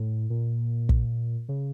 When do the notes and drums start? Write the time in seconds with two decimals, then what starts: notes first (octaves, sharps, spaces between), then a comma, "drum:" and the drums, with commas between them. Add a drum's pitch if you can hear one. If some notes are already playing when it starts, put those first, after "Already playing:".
Already playing: A2
0.30 A#2
0.89 drum: kick
1.49 C#3